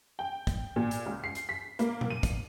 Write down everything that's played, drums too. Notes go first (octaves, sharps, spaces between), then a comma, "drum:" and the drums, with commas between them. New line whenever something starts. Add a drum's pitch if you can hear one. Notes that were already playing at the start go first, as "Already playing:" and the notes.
G5
drum: kick, hi-hat
A#2
drum: hi-hat
C#2
C7
drum: hi-hat
B6
A#3, drum: hi-hat
drum: tom A#2
D#7
drum: kick, hi-hat